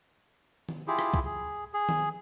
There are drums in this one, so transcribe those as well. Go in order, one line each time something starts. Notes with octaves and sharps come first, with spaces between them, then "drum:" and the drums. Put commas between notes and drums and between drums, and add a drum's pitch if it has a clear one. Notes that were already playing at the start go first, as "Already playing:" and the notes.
drum: tom D#3
E4 F4 G4 G#4
drum: rim click
drum: kick
G#4
G#4
drum: tom D#3